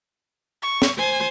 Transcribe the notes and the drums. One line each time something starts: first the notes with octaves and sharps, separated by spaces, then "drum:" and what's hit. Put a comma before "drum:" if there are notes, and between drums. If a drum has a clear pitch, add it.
C#6
drum: snare
C5 G#5